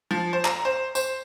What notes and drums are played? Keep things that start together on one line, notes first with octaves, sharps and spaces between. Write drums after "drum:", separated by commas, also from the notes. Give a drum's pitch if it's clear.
F3
C5
A#5, drum: clap
C5
C5, drum: tambourine